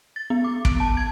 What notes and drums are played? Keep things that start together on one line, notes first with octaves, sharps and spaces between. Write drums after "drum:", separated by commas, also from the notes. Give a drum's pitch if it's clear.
A6
B3
D6
D7, drum: kick
A5
G#6